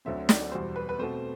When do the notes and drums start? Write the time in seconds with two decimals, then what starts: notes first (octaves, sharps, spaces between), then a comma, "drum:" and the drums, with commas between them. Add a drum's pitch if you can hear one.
0.05 D2 D3 F#3 C4 E5
0.29 D5, drum: snare
0.52 E2 B2 G3 C5
0.76 B4
0.89 B4
0.99 B2 A3 C4 C5